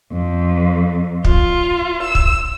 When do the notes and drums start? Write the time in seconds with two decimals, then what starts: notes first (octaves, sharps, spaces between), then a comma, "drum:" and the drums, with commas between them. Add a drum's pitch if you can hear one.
0.13 F2
1.24 F4, drum: kick
2.03 E6
2.15 drum: kick